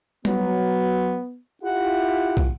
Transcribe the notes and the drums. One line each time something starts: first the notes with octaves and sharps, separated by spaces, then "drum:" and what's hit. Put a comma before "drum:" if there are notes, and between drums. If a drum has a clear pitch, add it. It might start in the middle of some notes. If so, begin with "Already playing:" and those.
F#3 B3, drum: tom G3
E4 F4 G4 F#5
drum: kick